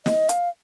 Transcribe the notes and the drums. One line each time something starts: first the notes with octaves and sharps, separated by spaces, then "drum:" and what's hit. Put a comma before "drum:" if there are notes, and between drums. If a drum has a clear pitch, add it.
D#5, drum: snare
F5, drum: hi-hat